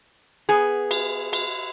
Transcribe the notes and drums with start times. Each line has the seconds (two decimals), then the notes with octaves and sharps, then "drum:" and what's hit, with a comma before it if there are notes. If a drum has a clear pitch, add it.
0.49 B3 G#4
0.91 drum: cymbal
1.33 drum: cymbal